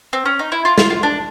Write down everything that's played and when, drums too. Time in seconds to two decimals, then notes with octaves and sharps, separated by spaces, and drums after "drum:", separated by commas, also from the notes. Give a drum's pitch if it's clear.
0.13 C4
0.26 C#4
0.39 D#4
0.52 E4
0.65 F4
0.78 F4, drum: snare
0.90 F4
1.03 D4